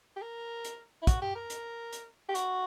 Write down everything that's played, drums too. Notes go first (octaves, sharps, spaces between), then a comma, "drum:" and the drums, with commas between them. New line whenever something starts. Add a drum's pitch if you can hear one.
G4
A#4
drum: hi-hat
E4
F#4, drum: kick, hi-hat
G4
A#4
drum: hi-hat
drum: hi-hat
G4
F#4, drum: hi-hat